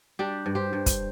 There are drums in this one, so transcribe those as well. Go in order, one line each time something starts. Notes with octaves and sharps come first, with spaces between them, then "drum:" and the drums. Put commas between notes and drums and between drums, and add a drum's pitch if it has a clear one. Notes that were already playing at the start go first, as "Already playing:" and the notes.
G3 D4 G4
G2
G4 C5
G2
drum: kick, hi-hat